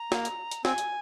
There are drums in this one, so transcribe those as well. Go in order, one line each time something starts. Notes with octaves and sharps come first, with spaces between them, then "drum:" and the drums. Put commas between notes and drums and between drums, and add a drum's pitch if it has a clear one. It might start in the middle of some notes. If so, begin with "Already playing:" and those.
Already playing: A#5
A#3, drum: snare
drum: hi-hat
drum: hi-hat
C4 G#5, drum: snare
drum: hi-hat